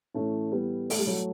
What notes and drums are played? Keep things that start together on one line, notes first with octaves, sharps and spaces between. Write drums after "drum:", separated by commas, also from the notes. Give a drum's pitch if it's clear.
A2 E3 A3 C#4
G3 B3
A3, drum: open hi-hat
G3
F#3 A3